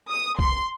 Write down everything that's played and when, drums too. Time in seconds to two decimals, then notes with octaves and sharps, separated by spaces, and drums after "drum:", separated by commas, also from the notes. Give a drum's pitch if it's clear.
0.09 D#6
0.39 C6, drum: kick